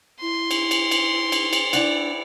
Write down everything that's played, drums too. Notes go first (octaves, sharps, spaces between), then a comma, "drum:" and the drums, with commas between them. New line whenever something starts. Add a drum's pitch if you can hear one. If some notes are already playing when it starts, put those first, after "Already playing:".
E4 C6
drum: cymbal
drum: cymbal
drum: cymbal
drum: cymbal
drum: cymbal
D4 E4 D5 F#5, drum: cymbal